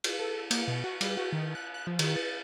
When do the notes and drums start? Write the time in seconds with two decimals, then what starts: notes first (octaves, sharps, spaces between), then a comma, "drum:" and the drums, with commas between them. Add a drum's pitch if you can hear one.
0.04 drum: cymbal
0.19 A4
0.51 A#3, drum: cymbal
0.68 B2
0.84 F#4
1.01 G3, drum: cymbal
1.17 F#4
1.32 D#3
1.55 F#6
1.74 F#6
1.87 F3
1.99 D#3, drum: cymbal
2.16 A6